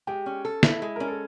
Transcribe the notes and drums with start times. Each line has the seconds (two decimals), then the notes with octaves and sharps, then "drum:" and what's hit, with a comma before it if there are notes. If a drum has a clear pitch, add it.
0.07 G#3 G4
0.26 C#4
0.45 A4
0.63 E4, drum: snare
0.82 G#3
0.96 C#4 A#4
1.08 A4